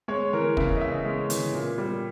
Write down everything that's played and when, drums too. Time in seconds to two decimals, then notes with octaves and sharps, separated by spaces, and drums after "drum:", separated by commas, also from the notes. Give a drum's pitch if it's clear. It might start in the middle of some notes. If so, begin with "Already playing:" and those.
0.08 G#3 C#5
0.33 E3 A#4
0.57 C#3 E5, drum: kick
0.76 D#5
0.81 C#3 E5
1.05 G#3
1.30 E3, drum: hi-hat
1.54 A#2
1.78 G3